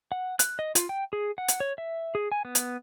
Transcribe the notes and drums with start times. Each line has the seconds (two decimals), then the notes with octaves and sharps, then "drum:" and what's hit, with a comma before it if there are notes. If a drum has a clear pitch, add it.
0.12 F#5
0.39 F#6, drum: hi-hat
0.59 D#5
0.75 F4, drum: hi-hat
0.89 G5
1.13 G#4
1.38 F#5
1.48 drum: hi-hat
1.60 C#5
1.78 E5
2.15 G#4
2.32 G#5
2.45 B3
2.55 drum: hi-hat